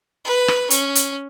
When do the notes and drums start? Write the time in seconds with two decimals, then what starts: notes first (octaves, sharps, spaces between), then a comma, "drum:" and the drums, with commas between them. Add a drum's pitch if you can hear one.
0.25 B4
0.48 drum: rim click
0.70 C#4, drum: hi-hat
0.95 drum: hi-hat